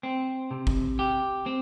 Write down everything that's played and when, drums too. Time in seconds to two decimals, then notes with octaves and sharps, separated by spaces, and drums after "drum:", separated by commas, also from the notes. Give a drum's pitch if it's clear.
0.03 C4
0.51 C3
0.67 drum: kick
0.99 G4
1.46 C4